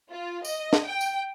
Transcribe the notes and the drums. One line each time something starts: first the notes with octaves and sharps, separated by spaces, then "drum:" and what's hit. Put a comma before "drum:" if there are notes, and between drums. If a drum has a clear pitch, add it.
F4
D#5, drum: tambourine
drum: snare
G5
drum: tambourine